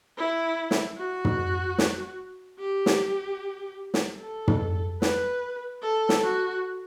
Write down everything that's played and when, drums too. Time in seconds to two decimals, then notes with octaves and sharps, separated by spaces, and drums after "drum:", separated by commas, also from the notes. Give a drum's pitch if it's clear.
0.18 E4
0.71 drum: snare
0.97 F#4
1.25 drum: tom
1.78 drum: snare
2.59 G4
2.86 drum: snare
3.94 drum: snare
4.20 A4
4.48 drum: tom
5.02 B4, drum: snare
5.82 A4
6.09 drum: snare
6.23 F#4